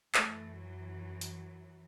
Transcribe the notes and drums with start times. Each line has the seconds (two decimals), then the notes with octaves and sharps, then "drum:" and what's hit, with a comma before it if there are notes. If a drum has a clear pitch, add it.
0.14 F#2 E3 A3, drum: clap
0.56 F#3
1.21 drum: hi-hat